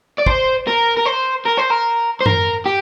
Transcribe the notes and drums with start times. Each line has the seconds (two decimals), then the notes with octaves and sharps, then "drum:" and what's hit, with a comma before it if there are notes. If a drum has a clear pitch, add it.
0.18 D5
0.26 C5, drum: kick
0.67 A#4
0.97 A#4
1.06 C5
1.46 A#4
1.58 C5
1.71 A#4
2.21 C5
2.26 A#4, drum: tom F#2
2.66 G4